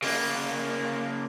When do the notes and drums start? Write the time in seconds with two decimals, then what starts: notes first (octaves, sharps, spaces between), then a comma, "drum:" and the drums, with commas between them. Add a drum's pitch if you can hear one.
0.03 C#3 A#3, drum: open hi-hat